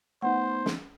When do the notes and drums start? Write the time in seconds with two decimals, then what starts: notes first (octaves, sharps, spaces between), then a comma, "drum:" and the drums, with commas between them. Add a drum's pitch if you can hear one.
0.22 A3 B3 D#4 C5 F#5
0.66 drum: snare